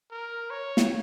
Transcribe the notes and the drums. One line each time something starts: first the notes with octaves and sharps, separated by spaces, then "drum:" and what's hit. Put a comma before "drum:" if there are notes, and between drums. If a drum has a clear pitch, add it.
A#4
C#5
drum: snare